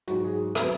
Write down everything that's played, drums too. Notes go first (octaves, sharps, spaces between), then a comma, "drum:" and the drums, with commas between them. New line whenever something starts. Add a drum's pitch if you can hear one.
G#2 F#3 F#4, drum: hi-hat
G#4
F#3 B4, drum: rim click